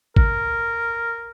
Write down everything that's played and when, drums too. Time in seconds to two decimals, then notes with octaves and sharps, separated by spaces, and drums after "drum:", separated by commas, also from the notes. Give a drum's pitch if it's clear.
0.17 A#4, drum: kick G#1